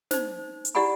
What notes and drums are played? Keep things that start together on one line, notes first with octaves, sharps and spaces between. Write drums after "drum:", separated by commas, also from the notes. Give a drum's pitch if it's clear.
D#4 C5, drum: snare
drum: hi-hat
E4 G4 D5 F#5 G#5 B5